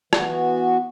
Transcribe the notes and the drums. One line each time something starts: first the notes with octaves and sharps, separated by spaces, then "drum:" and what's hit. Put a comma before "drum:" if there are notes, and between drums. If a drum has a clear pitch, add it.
E3 B3 F#4, drum: rim click